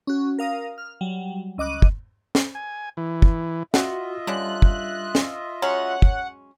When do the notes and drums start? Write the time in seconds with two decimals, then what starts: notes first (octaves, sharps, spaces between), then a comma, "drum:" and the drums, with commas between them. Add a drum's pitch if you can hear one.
0.07 C#4 F#4
0.39 A#4 F5 D#6
0.78 F6
1.01 F#3 G3
1.58 C#2 D#5 D6 F#6 D#7
1.82 drum: kick
2.35 drum: snare
2.55 G#5
2.97 E3
3.22 drum: kick
3.74 F4 F#4 D#5 E5 F#5, drum: snare
4.27 D3 G3 C#4 D4 F#6
4.62 drum: kick
5.15 drum: snare
5.62 F#3 G#3 C#4 C#5 F#5
6.02 drum: kick